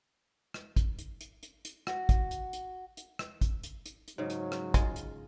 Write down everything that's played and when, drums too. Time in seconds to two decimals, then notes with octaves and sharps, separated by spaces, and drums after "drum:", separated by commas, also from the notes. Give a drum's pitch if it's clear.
0.54 drum: rim click
0.76 drum: kick, hi-hat
0.99 drum: hi-hat
1.21 drum: hi-hat
1.43 drum: hi-hat
1.65 drum: hi-hat
1.87 F#4, drum: rim click
2.09 drum: kick, hi-hat
2.31 drum: hi-hat
2.53 drum: hi-hat
2.97 drum: hi-hat
3.19 drum: rim click
3.41 drum: kick, hi-hat
3.63 drum: hi-hat
3.86 drum: hi-hat
4.08 drum: hi-hat
4.18 G#2 C#3 F#3
4.30 drum: hi-hat
4.52 drum: rim click
4.74 G#3 F4, drum: kick, hi-hat
4.96 drum: hi-hat